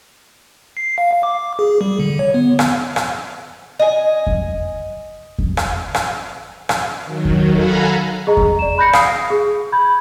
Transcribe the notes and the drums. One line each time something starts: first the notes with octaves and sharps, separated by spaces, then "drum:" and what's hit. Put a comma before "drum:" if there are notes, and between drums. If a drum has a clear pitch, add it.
C7
F5
F5
D6
G#4
G3
D3
C#5
B3
drum: rim click
drum: rim click
D#5 G#5
drum: kick F2
drum: kick F2
drum: rim click
drum: rim click
drum: rim click
D#3 F#3
drum: kick F2
A4 F5 F#5 G#5 A#5 B5
G#4 D#5 A#5
drum: kick F2
D5 E7
B5 F#6 G6 A#6 C#7
F5 D#6 C7 D7, drum: rim click
G#4
B5 G6 G#6